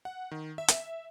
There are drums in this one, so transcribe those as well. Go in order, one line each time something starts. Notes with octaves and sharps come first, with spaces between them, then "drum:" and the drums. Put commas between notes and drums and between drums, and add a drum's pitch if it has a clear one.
F#5
D#3
E5
drum: hi-hat